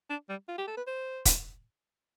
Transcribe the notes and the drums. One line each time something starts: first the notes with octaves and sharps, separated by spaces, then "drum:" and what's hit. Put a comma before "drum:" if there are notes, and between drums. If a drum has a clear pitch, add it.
D4
G3
F4
G4
A4
B4
C5
drum: kick, hi-hat